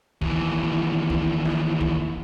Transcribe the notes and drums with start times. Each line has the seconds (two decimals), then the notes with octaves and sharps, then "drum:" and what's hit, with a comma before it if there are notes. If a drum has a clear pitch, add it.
0.21 D#2 E3, drum: kick
1.10 drum: kick
1.45 drum: snare
1.81 drum: kick